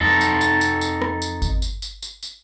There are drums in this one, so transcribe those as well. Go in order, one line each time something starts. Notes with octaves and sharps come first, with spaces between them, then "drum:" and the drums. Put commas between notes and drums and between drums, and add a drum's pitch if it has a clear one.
F2 D#4 A4
drum: tambourine
drum: tambourine
drum: tambourine
drum: tambourine
drum: rim click
drum: tambourine
drum: kick G1, tambourine
drum: tambourine
drum: tambourine
drum: tambourine
drum: tambourine